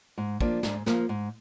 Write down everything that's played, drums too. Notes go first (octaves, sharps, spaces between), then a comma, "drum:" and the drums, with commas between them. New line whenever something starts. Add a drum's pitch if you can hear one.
G#2
F3 A#3 D4, drum: kick
G#2, drum: snare
F3 A#3, drum: snare
G#2